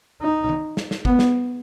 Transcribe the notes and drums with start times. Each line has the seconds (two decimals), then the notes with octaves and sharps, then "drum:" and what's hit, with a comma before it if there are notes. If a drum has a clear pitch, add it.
0.22 D#4
0.49 drum: tom
0.77 drum: snare
0.91 drum: snare
1.05 B3, drum: kick
1.19 drum: snare